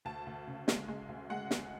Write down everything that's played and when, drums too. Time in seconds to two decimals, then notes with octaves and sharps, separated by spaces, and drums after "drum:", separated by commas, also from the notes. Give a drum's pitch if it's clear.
0.05 D2 A5
0.26 D2
0.47 C#3
0.68 G#3, drum: snare
0.88 G#3
1.09 D2
1.30 G#3 F#5
1.51 D2, drum: snare